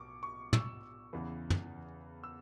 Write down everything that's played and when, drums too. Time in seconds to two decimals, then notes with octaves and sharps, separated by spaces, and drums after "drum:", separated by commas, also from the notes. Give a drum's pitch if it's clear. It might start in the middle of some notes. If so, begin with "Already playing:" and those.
Already playing: B1 C#6 D6
0.23 C#6
0.53 E6, drum: tom
1.13 E2 C#3 E3
1.50 drum: tom
2.24 E6